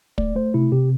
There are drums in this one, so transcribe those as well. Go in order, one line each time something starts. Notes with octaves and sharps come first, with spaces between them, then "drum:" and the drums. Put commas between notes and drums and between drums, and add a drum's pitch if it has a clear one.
A3 D5, drum: kick
A3 C5
C3 E4
C3 G4